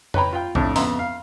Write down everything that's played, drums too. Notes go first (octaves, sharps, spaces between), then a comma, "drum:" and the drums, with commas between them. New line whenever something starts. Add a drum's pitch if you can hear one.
B4 C#5 G5 A#5 B5, drum: tom F2
F4 G5
F2 A2 C3 D4, drum: kick B1
F2 C#3 B3 E5 A#5 C6, drum: open hi-hat
F5